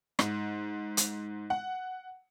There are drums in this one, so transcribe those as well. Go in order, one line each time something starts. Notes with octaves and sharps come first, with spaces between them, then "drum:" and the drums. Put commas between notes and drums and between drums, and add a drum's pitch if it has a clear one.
G#2, drum: rim click
drum: hi-hat
F#5